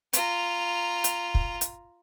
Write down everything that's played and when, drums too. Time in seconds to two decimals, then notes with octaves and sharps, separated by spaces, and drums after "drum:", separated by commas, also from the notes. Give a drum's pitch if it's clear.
0.13 F4 A#5, drum: hi-hat
1.04 drum: hi-hat
1.35 drum: kick
1.61 drum: hi-hat